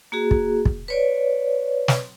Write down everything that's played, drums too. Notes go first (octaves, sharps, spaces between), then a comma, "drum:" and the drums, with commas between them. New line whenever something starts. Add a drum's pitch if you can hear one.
A#3 F#4 G#4
drum: kick
drum: kick
B4 C#5 D5
drum: snare